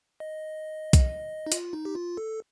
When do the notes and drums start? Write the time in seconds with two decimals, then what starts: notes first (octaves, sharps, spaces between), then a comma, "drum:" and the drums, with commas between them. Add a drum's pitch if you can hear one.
0.20 D#5
0.93 drum: kick B1, hi-hat
1.47 D#4
1.52 F4, drum: hi-hat
1.73 D#4
1.85 G4
1.95 F4
2.17 A4